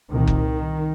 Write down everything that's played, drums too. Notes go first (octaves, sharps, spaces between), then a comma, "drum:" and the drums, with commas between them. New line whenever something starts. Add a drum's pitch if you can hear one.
C2 A#2 D#3
drum: kick F#1